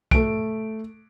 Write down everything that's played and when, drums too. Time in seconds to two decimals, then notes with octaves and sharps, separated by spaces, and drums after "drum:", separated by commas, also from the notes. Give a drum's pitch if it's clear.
0.11 A3 D7, drum: kick